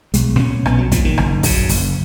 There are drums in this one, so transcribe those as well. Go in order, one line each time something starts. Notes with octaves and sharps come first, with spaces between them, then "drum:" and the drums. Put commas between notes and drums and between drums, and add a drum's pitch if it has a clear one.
B1 G#3, drum: hi-hat
A#2 C#4
B1 B3, drum: rim click
F#3
A#2 F3, drum: kick, hi-hat
D#3
F#1, drum: rim click
F#2 C#3, drum: kick, open hi-hat
F#1, drum: open hi-hat